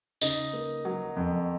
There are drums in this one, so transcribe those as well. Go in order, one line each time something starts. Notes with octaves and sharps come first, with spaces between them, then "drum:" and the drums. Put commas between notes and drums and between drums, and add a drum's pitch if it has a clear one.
C#3 D#4 D#5, drum: tambourine
A#3
F#3
F2